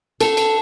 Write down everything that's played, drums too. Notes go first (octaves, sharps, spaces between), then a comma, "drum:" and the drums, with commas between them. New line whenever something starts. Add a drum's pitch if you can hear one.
A4, drum: cymbal
drum: cymbal